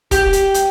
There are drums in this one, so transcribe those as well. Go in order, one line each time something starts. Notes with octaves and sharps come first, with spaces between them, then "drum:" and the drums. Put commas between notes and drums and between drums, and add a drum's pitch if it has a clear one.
G4, drum: kick, hi-hat
drum: hi-hat
drum: hi-hat